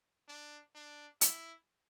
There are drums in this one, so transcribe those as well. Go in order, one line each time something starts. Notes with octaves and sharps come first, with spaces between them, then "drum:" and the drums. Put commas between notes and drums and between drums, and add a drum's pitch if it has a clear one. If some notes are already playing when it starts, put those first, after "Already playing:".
D4
D4
E4, drum: hi-hat